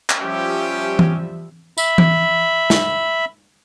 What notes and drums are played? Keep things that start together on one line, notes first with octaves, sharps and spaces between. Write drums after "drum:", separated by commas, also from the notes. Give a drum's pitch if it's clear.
drum: clap
F3 G3 C#4 G4 E5
drum: tom E3
E5 B5, drum: tambourine
drum: tom E3
drum: snare